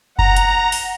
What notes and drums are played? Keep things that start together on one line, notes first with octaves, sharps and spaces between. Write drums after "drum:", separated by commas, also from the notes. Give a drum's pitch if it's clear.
F#5 A#5, drum: kick F#1
drum: hi-hat
drum: open hi-hat